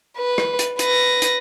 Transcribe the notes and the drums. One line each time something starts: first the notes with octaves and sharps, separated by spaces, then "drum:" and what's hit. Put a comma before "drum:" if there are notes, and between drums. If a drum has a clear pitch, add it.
B4
drum: rim click
drum: hi-hat
B4 A#6, drum: hi-hat
drum: hi-hat